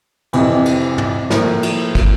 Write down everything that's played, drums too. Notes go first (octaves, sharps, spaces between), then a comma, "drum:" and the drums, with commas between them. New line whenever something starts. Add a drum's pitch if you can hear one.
F2 C3 E3, drum: cymbal
drum: cymbal
drum: tom
A2 F3 A#3, drum: snare
drum: cymbal
drum: kick, cymbal